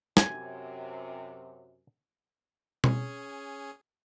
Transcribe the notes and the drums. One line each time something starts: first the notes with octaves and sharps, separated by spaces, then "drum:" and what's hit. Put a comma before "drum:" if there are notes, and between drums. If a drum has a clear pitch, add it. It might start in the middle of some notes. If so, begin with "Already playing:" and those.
F#2 C3 G#5, drum: snare
C#4 G#4, drum: tom B2